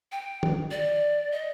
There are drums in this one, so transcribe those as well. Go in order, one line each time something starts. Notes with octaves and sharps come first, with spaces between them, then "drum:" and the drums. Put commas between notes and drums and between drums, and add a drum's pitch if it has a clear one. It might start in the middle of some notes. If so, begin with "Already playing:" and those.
G5
drum: tom D#3
D5
D#5